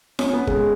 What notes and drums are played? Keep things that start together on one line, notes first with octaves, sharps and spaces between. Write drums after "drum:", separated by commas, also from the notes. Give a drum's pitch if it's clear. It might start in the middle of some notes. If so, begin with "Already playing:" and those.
C#4, drum: snare F4
B3
G#3, drum: kick G1